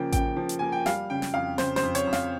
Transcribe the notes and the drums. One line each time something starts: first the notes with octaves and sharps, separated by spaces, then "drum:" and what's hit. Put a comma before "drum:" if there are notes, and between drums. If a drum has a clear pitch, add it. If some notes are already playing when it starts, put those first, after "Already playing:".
Already playing: C#3 F3 A#3 G5
C#3 G5, drum: kick A1, hi-hat
F3
drum: hi-hat
A#3 G#5
G5
G3 F5, drum: snare
C#3 G5
drum: snare
F2 F5
C#3 C5, drum: snare
C5, drum: snare
F2
C#5, drum: hi-hat
F2
F5, drum: snare